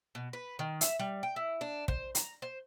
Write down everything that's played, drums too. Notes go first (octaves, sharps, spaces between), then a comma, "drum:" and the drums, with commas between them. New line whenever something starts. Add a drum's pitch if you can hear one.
B2
B4
D#3
E5, drum: hi-hat
G3
G5
E4
D4
C5, drum: kick
A#5, drum: hi-hat
C5